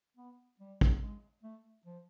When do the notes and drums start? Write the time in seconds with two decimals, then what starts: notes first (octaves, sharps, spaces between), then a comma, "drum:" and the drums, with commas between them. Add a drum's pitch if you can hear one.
0.17 B3
0.60 G3
0.81 drum: kick
1.02 G#3
1.43 A3
1.86 F3